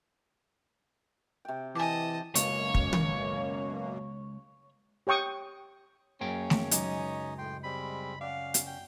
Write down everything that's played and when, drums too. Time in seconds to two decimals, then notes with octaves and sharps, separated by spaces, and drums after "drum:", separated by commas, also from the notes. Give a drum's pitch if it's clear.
1.45 C3 G5
1.75 E3 D#5 G#5 A5 D6
2.35 C#2 F#2 B2 A#3 C#5, drum: hi-hat
2.74 drum: kick
2.93 drum: tom
5.07 G4 C#5 G5 C#6 D#6
6.21 F#2 A#3 C#4 G#4 G5
6.50 drum: snare A3
6.71 C#2 F#3 D#4 D#5 G#5 D6, drum: hi-hat
7.38 A2 G5 C6
7.64 G3 G#3 C4 B5
8.21 C#4 D5 F5 F#5
8.54 drum: hi-hat
8.67 G5